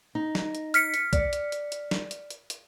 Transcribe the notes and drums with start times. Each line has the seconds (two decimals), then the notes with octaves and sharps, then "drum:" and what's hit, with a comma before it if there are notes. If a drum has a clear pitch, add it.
0.15 D#4
0.35 drum: snare
0.55 drum: hi-hat
0.74 F6 B6 C#7, drum: hi-hat
0.94 drum: hi-hat
1.13 D5, drum: kick, hi-hat
1.33 drum: hi-hat
1.52 drum: hi-hat
1.72 drum: hi-hat
1.91 drum: snare
2.11 drum: hi-hat
2.30 drum: hi-hat
2.50 drum: hi-hat